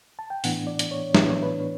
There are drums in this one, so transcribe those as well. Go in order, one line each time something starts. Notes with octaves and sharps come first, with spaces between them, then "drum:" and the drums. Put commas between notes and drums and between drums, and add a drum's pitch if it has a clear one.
A5
G5
A2 E3 B3 D4 F#5, drum: open hi-hat
D5
drum: hi-hat
C#5
A2 E3 B3 D4 B4, drum: snare
C#5
B4